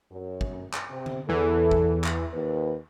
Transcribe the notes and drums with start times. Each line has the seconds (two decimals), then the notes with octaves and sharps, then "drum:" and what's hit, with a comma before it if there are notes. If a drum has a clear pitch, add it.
0.11 F#2
0.41 drum: kick
0.73 drum: clap
0.90 C3
1.06 drum: tom D3
1.29 E2 E3 A4
1.71 drum: kick
2.04 drum: clap
2.32 D#2 B4